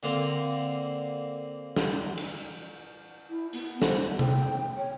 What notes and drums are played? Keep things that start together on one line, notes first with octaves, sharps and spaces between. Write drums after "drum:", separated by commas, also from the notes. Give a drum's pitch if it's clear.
D3 A#3 C4
drum: snare
drum: cymbal
E4
B3, drum: hi-hat
C5, drum: snare
G5, drum: tom C3
C#5